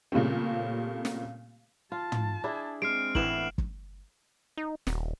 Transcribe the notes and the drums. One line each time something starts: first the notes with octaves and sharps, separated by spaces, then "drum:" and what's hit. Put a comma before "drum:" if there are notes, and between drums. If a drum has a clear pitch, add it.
A#2 C#3 G3 A3 C4
drum: snare
F4 A5
drum: tom
D4 E4 G#4
G#3 C4 F6 C7 D7
A2 E3 B3 E7 F#7, drum: kick
drum: kick
D#4
D#1, drum: snare